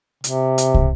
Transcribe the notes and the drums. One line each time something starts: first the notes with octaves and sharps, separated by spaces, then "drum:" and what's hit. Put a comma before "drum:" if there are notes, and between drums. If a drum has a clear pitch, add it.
C3, drum: hi-hat
drum: hi-hat
drum: kick